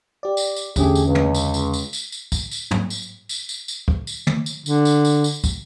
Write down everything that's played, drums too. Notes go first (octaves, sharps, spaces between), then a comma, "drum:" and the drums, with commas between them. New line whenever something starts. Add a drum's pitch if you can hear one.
G4 D5
drum: tambourine
drum: tambourine
E2 D3 A3 C#4 G4 G#4, drum: kick, tambourine
drum: tambourine
C#2
drum: tom
drum: tambourine
drum: tambourine
drum: tambourine
drum: tambourine
drum: tambourine
drum: kick, tambourine
drum: tambourine
drum: tom
drum: tambourine
drum: tambourine
drum: tambourine
drum: tambourine
drum: kick
drum: tambourine
drum: tom
drum: tambourine
D3, drum: tambourine
drum: tambourine
drum: tambourine
drum: tambourine
drum: kick, tambourine